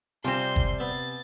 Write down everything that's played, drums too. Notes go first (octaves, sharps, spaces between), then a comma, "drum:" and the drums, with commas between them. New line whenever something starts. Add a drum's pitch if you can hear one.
C3 G3 C4 F4 G#5 C6 E7
drum: kick
B3 E5 A6